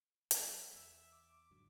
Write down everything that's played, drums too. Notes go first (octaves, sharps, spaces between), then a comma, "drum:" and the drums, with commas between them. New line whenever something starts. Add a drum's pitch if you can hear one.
F#3 A#3, drum: hi-hat
E2 E5
D6
G#2 D3 F#3